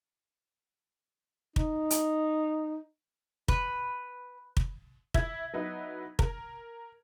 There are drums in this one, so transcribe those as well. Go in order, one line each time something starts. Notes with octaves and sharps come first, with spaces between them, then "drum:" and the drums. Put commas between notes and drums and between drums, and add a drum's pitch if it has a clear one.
D#4, drum: kick
drum: hi-hat
B4, drum: kick
drum: kick
E4 E5 G#6, drum: kick
F#3 B3 D#4 E4 B4
A#4, drum: kick